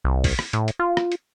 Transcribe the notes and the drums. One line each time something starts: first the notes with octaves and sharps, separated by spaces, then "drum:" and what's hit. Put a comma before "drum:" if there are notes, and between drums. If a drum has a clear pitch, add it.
C2
drum: kick A1, open hi-hat
drum: rim click
A2, drum: hi-hat
drum: hi-hat
F4
drum: rim click
drum: hi-hat